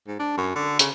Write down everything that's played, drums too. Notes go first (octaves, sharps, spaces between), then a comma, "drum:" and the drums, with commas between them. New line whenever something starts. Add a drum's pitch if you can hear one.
G#2
D4
F#2
D3
C#3, drum: hi-hat